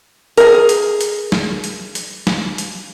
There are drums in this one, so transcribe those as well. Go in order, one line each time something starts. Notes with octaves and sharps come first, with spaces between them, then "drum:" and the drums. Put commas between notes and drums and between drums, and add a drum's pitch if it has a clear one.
G#4 A#4, drum: hi-hat
drum: hi-hat
drum: hi-hat
drum: snare
drum: hi-hat
drum: hi-hat
drum: snare
drum: hi-hat